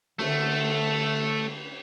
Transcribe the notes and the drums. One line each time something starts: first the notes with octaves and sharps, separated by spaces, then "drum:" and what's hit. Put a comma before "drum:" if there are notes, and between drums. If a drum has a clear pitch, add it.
D3 A3, drum: cymbal